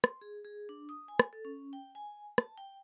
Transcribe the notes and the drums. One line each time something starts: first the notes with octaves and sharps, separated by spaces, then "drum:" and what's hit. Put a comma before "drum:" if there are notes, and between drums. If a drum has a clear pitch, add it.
C6, drum: rim click
G#4
G#4
D4
D#6
G#5
drum: rim click
A4
C#4
G5
G#5
A5, drum: rim click
G5